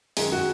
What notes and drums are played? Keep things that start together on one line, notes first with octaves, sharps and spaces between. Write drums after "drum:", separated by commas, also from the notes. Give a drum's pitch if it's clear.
F#2 D#3 G#3 G#4, drum: open hi-hat
F#4